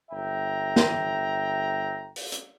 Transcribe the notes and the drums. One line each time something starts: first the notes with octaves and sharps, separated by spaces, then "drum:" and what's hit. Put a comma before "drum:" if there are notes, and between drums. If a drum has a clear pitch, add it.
G1 E5 G5 A#5
drum: snare
drum: open hi-hat
drum: hi-hat